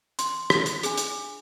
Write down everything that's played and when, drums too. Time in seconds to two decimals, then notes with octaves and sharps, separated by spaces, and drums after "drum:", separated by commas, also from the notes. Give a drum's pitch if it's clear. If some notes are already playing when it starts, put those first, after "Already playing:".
0.19 C6, drum: hi-hat
0.50 drum: rim click
0.66 drum: hi-hat
0.83 D4 G#4, drum: hi-hat
0.97 drum: hi-hat